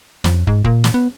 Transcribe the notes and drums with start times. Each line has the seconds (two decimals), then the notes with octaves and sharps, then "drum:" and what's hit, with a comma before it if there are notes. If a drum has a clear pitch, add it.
0.24 F2, drum: snare
0.47 G#2, drum: kick
0.64 A#2, drum: kick
0.84 drum: snare
0.94 B3